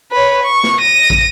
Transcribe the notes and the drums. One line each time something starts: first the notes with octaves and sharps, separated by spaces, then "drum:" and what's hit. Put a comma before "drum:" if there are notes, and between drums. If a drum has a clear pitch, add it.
B4 C#5
C#6
drum: snare
A#6 D#7
drum: kick